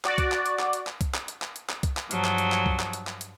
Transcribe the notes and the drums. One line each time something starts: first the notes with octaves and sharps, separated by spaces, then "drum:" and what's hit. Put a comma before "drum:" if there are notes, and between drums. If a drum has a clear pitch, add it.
F#4 D5, drum: clap
drum: kick C2, hi-hat
drum: clap
drum: hi-hat
drum: clap
drum: hi-hat
drum: clap
drum: kick C2, hi-hat
drum: clap
drum: hi-hat
drum: clap
drum: hi-hat
drum: clap
drum: kick C2, hi-hat
drum: clap
G2 F3 F#3, drum: hi-hat
drum: clap
drum: hi-hat
drum: clap
drum: kick C2
drum: clap
drum: hi-hat
drum: clap
drum: hi-hat